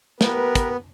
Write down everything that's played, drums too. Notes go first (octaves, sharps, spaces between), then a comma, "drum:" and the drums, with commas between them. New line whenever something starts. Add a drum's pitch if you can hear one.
B3 G4 A#4 B4, drum: snare
drum: kick, hi-hat